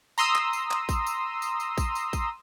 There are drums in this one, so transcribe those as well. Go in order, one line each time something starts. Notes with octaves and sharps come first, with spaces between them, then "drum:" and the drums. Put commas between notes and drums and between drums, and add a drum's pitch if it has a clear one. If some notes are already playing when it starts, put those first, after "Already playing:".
A#5 C6 D#6 E6, drum: tambourine
drum: clap
drum: tambourine
drum: clap
drum: kick, tambourine
drum: tambourine
drum: tambourine
drum: tambourine
drum: kick, tambourine
drum: tambourine
drum: kick, tambourine